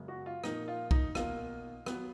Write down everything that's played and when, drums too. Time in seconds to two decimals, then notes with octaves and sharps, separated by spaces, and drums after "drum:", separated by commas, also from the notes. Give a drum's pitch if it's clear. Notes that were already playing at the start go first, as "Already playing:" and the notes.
Already playing: F#2 C#3 G#3 B3
0.08 F#4
0.26 F4
0.44 A#2 F3 A#3 D#4, drum: rim click
0.68 F4
0.91 D#4, drum: kick
1.15 B2 A#3 F4, drum: rim click
1.86 F#3 B3, drum: rim click